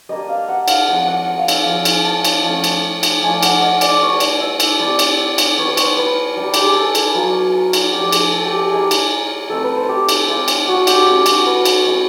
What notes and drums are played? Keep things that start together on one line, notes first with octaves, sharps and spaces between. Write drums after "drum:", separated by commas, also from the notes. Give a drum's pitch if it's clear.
G3 A#3 D4 D#5
F5
F#5
F5, drum: cymbal
F3 G#3 C4 F#5
F#5
F#5
F5
E5, drum: cymbal
F5
F3 G#3 C4
drum: cymbal
A5
drum: cymbal
F3 A3 C#4 A5
drum: cymbal
drum: cymbal
F3 A3 D4 F4 G#5
F#5, drum: cymbal
D#5
D5, drum: cymbal
G3 B3 D4 C#5
D5, drum: cymbal
E5
drum: cymbal
G3 C4 E4 D5
drum: cymbal
drum: cymbal
G3 B3 D4 C#5
C#5
C5, drum: cymbal
B4
G3 A#3 D4
G4, drum: cymbal
G#4
A4
G#4, drum: cymbal
F#3 B3 D4 F4
drum: cymbal
F3 A3 D4 G4
G#4, drum: cymbal
A4
G4
G4
G3 A#3 D#4 G#4
drum: cymbal
A3 C4 D#4 A4
B4
C5
G4
drum: cymbal
G#3 C4 F4
drum: cymbal
F#4
G4, drum: cymbal
A3 C#4 E4
F#4, drum: cymbal
B4
drum: cymbal
G#3 C4 E4